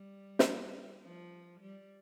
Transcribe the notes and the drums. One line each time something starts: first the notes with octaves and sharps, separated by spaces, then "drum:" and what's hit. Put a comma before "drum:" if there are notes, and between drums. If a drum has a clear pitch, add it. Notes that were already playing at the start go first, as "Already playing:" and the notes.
Already playing: G3
drum: snare
F3
G3